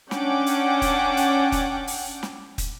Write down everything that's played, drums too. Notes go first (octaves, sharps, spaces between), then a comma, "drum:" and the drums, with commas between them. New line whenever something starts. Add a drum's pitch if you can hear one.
C#4 D4 F#5 G5 D6, drum: snare
drum: hi-hat
drum: kick, hi-hat
drum: hi-hat
drum: kick, hi-hat
drum: open hi-hat
drum: snare
drum: kick, hi-hat